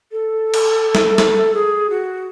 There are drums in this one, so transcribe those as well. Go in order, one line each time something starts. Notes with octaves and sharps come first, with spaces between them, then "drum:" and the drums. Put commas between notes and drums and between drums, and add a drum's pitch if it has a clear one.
A4
drum: cymbal
drum: snare
drum: snare
G#4
F#4